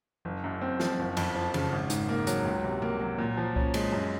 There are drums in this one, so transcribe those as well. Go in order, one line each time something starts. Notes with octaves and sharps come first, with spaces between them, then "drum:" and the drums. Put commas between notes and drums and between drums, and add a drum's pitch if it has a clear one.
F#1
F#2
C4
F3, drum: snare
F#1
F2, drum: cymbal
F3
C#3, drum: cymbal
G#1
G#2, drum: hi-hat
A#3
F#3, drum: hi-hat
C#2
C3
A#3, drum: tom C3
F#3
A#2
F3
C#4, drum: kick C2
G#3, drum: cymbal
F#2